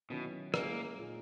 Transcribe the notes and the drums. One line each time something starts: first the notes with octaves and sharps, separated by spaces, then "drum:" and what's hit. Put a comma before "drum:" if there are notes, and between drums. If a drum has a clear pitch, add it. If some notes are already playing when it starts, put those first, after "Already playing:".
B2 D#3 F#3 C#4 E4
G#3 A#3 C#4 E4 G#4, drum: rim click
A#2 G#3 D#4